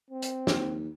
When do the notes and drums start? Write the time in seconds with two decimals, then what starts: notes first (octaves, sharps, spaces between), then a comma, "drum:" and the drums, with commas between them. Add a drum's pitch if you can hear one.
0.10 C4
0.22 drum: hi-hat
0.47 D#2, drum: snare